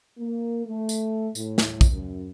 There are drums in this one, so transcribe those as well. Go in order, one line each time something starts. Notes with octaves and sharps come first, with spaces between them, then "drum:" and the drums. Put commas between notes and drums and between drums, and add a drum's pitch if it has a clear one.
A#3
A3
drum: tambourine
A2, drum: tambourine
drum: snare
drum: kick A#1, tambourine
F#2